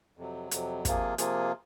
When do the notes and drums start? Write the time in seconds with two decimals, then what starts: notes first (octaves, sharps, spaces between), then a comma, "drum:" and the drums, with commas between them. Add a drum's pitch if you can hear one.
0.17 F2 C3 F#3
0.51 F2 C3 F#3, drum: hi-hat
0.85 C3 F3 A#3 F4 G#4, drum: kick, hi-hat
1.18 C3 F3 A#3 F4 G#4, drum: hi-hat